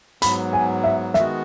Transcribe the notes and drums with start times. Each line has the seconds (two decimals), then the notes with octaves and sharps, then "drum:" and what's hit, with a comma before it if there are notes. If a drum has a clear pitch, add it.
0.22 G#2 F#3 B3 B5, drum: hi-hat
0.53 G#5
0.84 E5
1.14 D#3 G#3 B3 F#4 E5, drum: snare